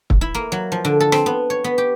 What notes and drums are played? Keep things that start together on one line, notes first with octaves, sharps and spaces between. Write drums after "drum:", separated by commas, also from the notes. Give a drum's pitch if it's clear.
drum: kick
E4
A#3
F#3
F3
D3
A4
C4, drum: rim click
B3
C#5
B3
G4